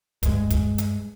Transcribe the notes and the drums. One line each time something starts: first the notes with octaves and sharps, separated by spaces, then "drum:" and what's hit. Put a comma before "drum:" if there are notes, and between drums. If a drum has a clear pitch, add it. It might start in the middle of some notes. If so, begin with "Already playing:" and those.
G2 G#3, drum: kick, hi-hat
drum: kick, hi-hat
drum: hi-hat